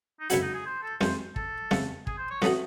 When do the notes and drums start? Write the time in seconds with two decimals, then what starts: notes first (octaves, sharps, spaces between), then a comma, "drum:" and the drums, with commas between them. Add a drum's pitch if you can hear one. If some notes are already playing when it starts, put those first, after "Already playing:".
0.20 D#4
0.30 F#2 C#3 G#3 C4 E4 F#4, drum: hi-hat
0.42 D#4
0.54 G#4
0.66 C5
0.83 A4
1.01 F#2 D#3 G#3 C5, drum: snare C4
1.36 A4, drum: kick
1.71 E2 C#3 G#3, drum: snare C4
2.07 G#4, drum: kick
2.18 C5
2.31 C#5
2.42 A2 E3 A3 C#4 F#4 D#5, drum: snare C4